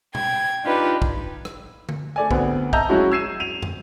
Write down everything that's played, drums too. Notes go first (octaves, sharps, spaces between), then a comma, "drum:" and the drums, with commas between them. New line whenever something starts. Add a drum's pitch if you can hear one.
G5 G#6, drum: tom B2
D4 D#4 F4 G4 B4
drum: kick
drum: rim click
drum: tom D3
A3 D5 G#5
D2 B3 C4, drum: kick
D#5 E5 A5 A#5 G6, drum: kick
F#3 G#3 C#4 E4 F#4
E6 G#6 C7 D#7 E7
D#7 F7
drum: tom